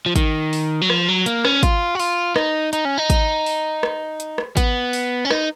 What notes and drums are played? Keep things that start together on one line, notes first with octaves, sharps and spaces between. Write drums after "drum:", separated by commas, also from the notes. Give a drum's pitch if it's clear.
F3
D#3, drum: kick, hi-hat
drum: open hi-hat
F#3
F3, drum: rim click
F#3
A#3, drum: hi-hat
C#4, drum: rim click
F4, drum: kick, hi-hat
F#4
F4, drum: open hi-hat
D#4, drum: rim click
D#4, drum: hi-hat
C#4
D#4
drum: kick, hi-hat
drum: open hi-hat
drum: rim click
drum: hi-hat
drum: rim click
B3, drum: kick, hi-hat
drum: open hi-hat
C#4
D#4, drum: rim click